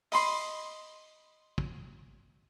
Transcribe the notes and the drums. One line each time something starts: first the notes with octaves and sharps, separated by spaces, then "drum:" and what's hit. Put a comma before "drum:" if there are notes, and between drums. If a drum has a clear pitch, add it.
D#5 B5 C6, drum: open hi-hat
drum: kick